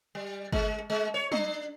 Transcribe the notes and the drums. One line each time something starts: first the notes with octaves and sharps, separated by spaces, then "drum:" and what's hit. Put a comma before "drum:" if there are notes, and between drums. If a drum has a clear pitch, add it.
G3
G#3, drum: kick G1
G#3
C#5
D4, drum: tom